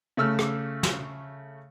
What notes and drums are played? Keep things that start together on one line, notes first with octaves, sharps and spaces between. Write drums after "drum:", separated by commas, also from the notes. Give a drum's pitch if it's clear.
C#3 A3 E6 F6
drum: rim click
drum: snare